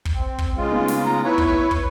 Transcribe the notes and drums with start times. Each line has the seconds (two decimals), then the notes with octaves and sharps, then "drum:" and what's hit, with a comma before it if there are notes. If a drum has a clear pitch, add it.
0.05 drum: kick
0.15 C4
0.38 drum: kick
0.57 C#3 G#3 F4
0.72 A3 B3 D#4
0.88 drum: snare
1.05 A#5
1.24 E4 B4 C#5
1.38 drum: kick
1.71 drum: kick